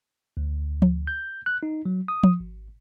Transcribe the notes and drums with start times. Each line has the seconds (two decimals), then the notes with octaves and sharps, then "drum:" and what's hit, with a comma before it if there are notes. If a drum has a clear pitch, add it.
0.37 D2
0.82 drum: tom F3
1.07 G6
1.46 F#6
1.63 D#4
1.85 F#3
2.08 D#6
2.23 drum: tom F3
2.40 G#1